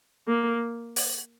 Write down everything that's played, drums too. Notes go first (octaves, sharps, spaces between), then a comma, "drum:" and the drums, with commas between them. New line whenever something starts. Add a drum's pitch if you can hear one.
A#3
drum: open hi-hat